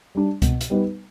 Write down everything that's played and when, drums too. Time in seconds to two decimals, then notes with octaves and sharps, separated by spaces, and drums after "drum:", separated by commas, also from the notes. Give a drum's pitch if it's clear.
0.15 G3 D4
0.42 B2, drum: kick C2, hi-hat
0.61 drum: hi-hat
0.70 G3 B3 D#4 B4